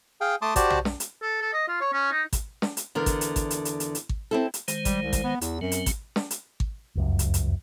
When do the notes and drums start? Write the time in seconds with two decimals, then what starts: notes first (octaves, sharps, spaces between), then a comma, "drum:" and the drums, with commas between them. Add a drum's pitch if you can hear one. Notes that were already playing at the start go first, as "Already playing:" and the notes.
0.21 G#4 F5 G5
0.42 A3 A5 C6 D6 D#6
0.56 F#4 G4 C5 D5 A5, drum: kick G#1, hi-hat
0.70 drum: tom B1
0.85 drum: snare
1.00 drum: hi-hat
1.22 A4
1.42 A4
1.53 D#5
1.68 F4
1.81 C#5
1.92 C#4
2.12 D#4
2.33 drum: kick G#1, hi-hat
2.62 drum: snare
2.77 drum: hi-hat
2.95 E2 D3 A#4
3.06 drum: kick G#1, hi-hat
3.21 drum: hi-hat
3.36 drum: kick G#1, hi-hat
3.50 drum: hi-hat
3.65 drum: hi-hat
3.80 drum: hi-hat
3.95 drum: hi-hat
4.09 drum: kick G#1
4.31 C4 E4 A4
4.54 drum: hi-hat
4.68 D#3 G#3 C5, drum: hi-hat
4.85 G3, drum: kick G#1, hi-hat
5.03 C2
5.13 drum: kick G#1, hi-hat
5.24 B3
5.41 E2 E4, drum: hi-hat
5.61 F#2 F#3 C4
5.72 drum: hi-hat
5.86 drum: kick G#1, hi-hat
6.16 drum: snare
6.30 drum: hi-hat
6.60 drum: kick G#1
6.95 F1 C#2 F#2
7.19 drum: hi-hat
7.34 drum: hi-hat